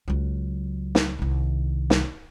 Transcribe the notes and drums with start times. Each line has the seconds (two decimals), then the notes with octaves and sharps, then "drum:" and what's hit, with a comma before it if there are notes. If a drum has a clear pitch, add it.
0.08 C#2 F#3
0.95 drum: snare
1.19 C2 D#3
1.90 drum: snare